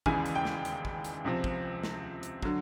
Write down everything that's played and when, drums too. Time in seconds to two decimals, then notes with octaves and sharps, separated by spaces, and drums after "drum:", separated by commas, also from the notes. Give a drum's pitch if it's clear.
0.06 E1 D#2 C#3 E3 G#5, drum: kick
0.26 drum: hi-hat
0.35 G5
0.45 drum: snare
0.65 drum: hi-hat
0.85 drum: kick
1.05 drum: hi-hat
1.24 C#2 C3 F3
1.44 drum: kick
1.83 drum: snare
2.23 drum: hi-hat
2.43 D3 F#3, drum: kick